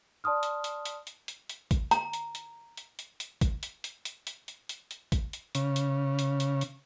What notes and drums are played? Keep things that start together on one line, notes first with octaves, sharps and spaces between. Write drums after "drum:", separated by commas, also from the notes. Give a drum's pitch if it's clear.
D5 A5 C6 D#6 F6
drum: hi-hat
drum: hi-hat
drum: hi-hat
drum: hi-hat
drum: hi-hat
drum: hi-hat
drum: kick, hi-hat
A#5, drum: hi-hat
drum: hi-hat
drum: hi-hat
drum: hi-hat
drum: hi-hat
drum: hi-hat
drum: kick, hi-hat
drum: hi-hat
drum: hi-hat
drum: hi-hat
drum: hi-hat
drum: hi-hat
drum: hi-hat
drum: hi-hat
drum: kick, hi-hat
drum: hi-hat
C#3, drum: hi-hat
drum: hi-hat
drum: hi-hat
drum: hi-hat
drum: hi-hat